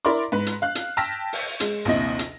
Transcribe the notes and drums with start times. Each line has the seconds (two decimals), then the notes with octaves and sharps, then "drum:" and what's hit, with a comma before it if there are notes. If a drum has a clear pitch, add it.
0.05 E4 A#4 D5 B5 C6 D6
0.32 G#2 B4
0.47 drum: hi-hat
0.62 F5 F#6
0.75 drum: hi-hat
0.97 G5 A5 E6 F6 A#6 B6
1.33 drum: open hi-hat
1.60 G#3, drum: hi-hat
1.85 A#1 D#2 C3 E4 D#5 A#6
2.19 drum: hi-hat